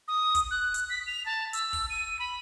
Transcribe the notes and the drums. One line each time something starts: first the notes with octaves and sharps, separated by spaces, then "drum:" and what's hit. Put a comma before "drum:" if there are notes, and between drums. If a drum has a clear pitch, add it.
D#6
drum: kick, hi-hat
F#6
drum: hi-hat
B6
F7
A5
E6, drum: hi-hat
drum: kick, open hi-hat
D#7
B5